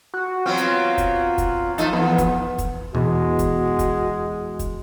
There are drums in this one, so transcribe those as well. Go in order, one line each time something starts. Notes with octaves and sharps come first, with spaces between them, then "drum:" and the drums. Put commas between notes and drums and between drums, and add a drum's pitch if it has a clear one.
F#4
F#3 B3 C4 F4
drum: hi-hat
drum: kick, hi-hat
drum: kick, hi-hat
F3 A3 D#4 A5, drum: hi-hat
E2 F3 B3
drum: kick, hi-hat
drum: kick, hi-hat
E2 B2 G#3 F#4
drum: kick, hi-hat
drum: kick, hi-hat
drum: kick, hi-hat